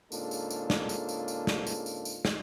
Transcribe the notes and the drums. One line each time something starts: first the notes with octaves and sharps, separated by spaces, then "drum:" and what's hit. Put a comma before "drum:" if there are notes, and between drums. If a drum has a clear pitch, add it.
G#2 C#3 A#3 D4 F4 A4, drum: tambourine
drum: tambourine
drum: tambourine
drum: snare
drum: tambourine
drum: tambourine
drum: tambourine
drum: snare
drum: tambourine
drum: tambourine
drum: tambourine
drum: snare